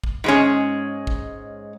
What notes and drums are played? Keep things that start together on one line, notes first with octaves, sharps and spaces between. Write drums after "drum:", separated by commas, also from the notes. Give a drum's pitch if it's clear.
drum: kick
G#2 G#3 C#4
drum: kick